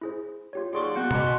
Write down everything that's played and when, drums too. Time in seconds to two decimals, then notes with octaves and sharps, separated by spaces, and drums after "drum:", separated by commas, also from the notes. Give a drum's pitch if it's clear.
0.01 E4 G#4 C5
0.53 F4 G4 C#5
0.73 D#2 F#3 G4 G#4 D5 C6 C#6
0.95 E3 A#3 B3 F#4 G6 C#7
1.11 B2 A#5 B5 D6, drum: tom B2